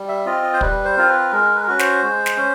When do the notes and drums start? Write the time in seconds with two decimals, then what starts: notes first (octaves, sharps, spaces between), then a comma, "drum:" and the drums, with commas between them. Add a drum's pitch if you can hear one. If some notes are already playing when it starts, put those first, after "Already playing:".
Already playing: G3
0.08 E5
0.25 C4 F4 D#5
0.43 D#5
0.54 C5
0.61 G3 B4, drum: kick
0.85 C5
0.97 C4 F4 A#4
1.09 B4
1.32 G#3 A#4
1.55 B4
1.63 A#4
1.67 C#4 F#4 B4
1.79 C5, drum: snare
2.02 G#3
2.26 drum: snare
2.37 C#4